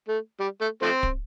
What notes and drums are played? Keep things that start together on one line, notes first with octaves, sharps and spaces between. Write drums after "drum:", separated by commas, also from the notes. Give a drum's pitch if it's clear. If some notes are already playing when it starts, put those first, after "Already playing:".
A3
G3
A3
F3 A3 C4
drum: kick D1